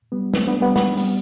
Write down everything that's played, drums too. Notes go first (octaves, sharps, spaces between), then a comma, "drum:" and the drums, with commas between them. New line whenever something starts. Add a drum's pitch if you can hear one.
G3 B3
A3 C4, drum: snare
B3 D4
G3 B3
G3 B3, drum: snare
G3 B3, drum: open hi-hat